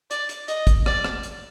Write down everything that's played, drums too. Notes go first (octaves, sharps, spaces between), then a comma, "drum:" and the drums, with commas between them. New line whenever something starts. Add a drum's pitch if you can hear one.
D5, drum: hi-hat
drum: hi-hat
D#5, drum: hi-hat
drum: kick, hi-hat
D5, drum: rim click
drum: rim click
drum: hi-hat